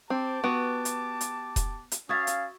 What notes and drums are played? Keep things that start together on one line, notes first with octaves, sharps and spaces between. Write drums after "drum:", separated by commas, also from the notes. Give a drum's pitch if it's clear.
C4 G4 A5 D6
B3 F#4 D7
drum: hi-hat
drum: hi-hat
drum: kick E1, hi-hat
drum: hi-hat
C#4 F#4 E5 F5 D#6 G#6 A6
drum: hi-hat